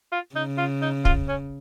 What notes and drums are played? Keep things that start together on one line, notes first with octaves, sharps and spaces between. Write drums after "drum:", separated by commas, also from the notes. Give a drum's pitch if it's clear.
F4
C#3 D#4
F4
D#4
F4, drum: kick
C#4